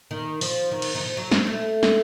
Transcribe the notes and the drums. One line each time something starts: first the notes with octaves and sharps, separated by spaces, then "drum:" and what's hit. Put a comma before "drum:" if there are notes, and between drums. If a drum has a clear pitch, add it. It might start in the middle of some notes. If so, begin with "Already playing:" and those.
D#3
F3, drum: open hi-hat
D#3
drum: cymbal
D#3
F3
F#3
F#3, drum: snare
A3
drum: snare